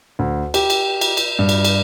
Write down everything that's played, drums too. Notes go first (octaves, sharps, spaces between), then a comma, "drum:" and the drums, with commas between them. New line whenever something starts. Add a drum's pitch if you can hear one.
D2
G4, drum: cymbal
drum: cymbal
drum: cymbal
drum: cymbal
G2
drum: cymbal
drum: cymbal